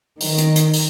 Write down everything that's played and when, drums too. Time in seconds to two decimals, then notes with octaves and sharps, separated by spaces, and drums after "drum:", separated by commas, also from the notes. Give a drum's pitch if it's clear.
0.21 D#3, drum: open hi-hat
0.38 drum: hi-hat
0.56 drum: hi-hat
0.73 drum: open hi-hat